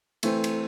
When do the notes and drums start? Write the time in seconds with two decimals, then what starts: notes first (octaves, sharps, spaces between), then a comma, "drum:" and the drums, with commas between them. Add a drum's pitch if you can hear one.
0.23 E3 A3 C4, drum: cymbal
0.44 drum: cymbal